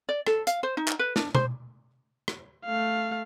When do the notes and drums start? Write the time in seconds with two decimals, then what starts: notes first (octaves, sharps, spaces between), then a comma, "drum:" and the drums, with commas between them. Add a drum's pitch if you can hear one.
0.09 D5
0.27 A4, drum: rim click
0.47 F5, drum: hi-hat
0.63 C5
0.77 D#4
0.88 drum: clap
0.99 B4
1.16 D4, drum: snare
1.35 C5, drum: tom B2
2.28 drum: rim click
2.66 A3 F5